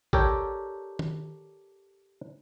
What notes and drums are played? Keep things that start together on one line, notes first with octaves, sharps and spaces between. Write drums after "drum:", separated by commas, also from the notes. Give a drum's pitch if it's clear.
G4 A4 A#4 C#5 D5 G5, drum: kick
drum: tom D#3